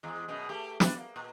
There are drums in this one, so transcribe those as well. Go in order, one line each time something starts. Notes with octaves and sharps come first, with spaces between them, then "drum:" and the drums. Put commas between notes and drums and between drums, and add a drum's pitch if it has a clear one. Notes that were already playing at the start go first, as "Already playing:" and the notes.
E2 G#3
F#2 B2 G#3
A3 G4
D4 F#4 B4, drum: snare
A#3
A#2